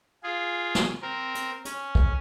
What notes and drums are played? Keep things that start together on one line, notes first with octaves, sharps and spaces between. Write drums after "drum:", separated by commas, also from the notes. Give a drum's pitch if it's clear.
F4 G#4
drum: snare
C4 A#4
drum: hi-hat
C#4, drum: hi-hat
drum: kick